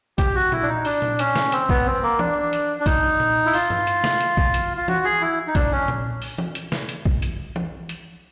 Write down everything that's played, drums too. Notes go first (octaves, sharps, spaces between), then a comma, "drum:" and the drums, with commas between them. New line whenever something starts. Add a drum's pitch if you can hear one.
G4, drum: kick, hi-hat
F#4
E4, drum: tom A#2
D4
D#4
D4, drum: open hi-hat
drum: tom A#2
C#4, drum: hi-hat
drum: snare
C4, drum: hi-hat
B3, drum: kick
C4
A#3
D4, drum: tom E3
drum: hi-hat
D4
D#4, drum: kick, hi-hat
drum: tom A#2
E4
F4, drum: open hi-hat
drum: tom G2
drum: hi-hat
drum: snare
drum: hi-hat
drum: kick
drum: hi-hat
F4
F#4, drum: tom E3
G#4
E4
D#4
D4, drum: kick, hi-hat
C#4
drum: tom A#2
drum: open hi-hat
drum: tom
drum: hi-hat
drum: snare
drum: hi-hat
drum: kick
drum: hi-hat
drum: tom E3
drum: hi-hat